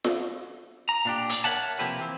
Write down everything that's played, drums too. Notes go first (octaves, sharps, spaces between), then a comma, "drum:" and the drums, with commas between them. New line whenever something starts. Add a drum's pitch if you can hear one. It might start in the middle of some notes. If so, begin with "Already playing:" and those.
drum: snare F4
A#5
A#2 D4 G4
drum: hi-hat
A#4 C#5 E5 F#5 A5
C3 F3 A#3 E4 G4 B4
E3 C4